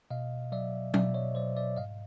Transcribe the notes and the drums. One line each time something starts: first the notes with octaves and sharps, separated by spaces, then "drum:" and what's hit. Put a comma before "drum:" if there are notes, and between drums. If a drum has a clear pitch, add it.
B2 D#5 F5
F#3 D5 E5
B2 D5 E5, drum: tom F#3
C#5 D#5
F#3 C5 D5
D5 E5
G#2 D#5 F5